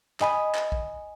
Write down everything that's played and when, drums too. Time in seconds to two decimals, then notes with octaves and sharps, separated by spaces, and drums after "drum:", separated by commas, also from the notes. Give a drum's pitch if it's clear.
0.20 D#5 G#5 B5 D#6, drum: clap
0.55 drum: clap
0.72 drum: kick